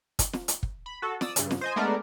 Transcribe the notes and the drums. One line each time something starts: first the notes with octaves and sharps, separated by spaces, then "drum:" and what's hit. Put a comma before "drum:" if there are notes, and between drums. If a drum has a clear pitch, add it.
drum: kick, hi-hat
drum: snare
drum: hi-hat
drum: kick
B5
F#4 A4
D5 D#6 E6, drum: snare
G2 C#3, drum: hi-hat
drum: snare
C5 D#5 G#5
G#3 A3 B3 D4 A#4 D5